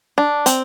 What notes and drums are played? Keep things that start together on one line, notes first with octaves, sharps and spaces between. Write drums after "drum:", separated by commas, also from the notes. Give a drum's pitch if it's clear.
D4
C4, drum: hi-hat